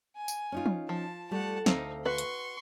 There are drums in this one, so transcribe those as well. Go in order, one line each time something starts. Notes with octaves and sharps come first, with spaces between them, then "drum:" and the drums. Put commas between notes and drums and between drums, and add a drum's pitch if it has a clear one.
G#5
drum: tambourine
C#4 D#4 F4
drum: tom
F3 A5
G3 A3 F#5 A5
D2 C4 D#4 F5, drum: snare
F#4 B4 C6 C#6
drum: hi-hat